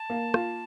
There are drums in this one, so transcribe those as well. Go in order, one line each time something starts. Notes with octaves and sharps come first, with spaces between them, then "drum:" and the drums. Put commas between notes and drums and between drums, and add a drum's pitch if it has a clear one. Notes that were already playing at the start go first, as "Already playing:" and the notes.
Already playing: A5
A#3
F4, drum: rim click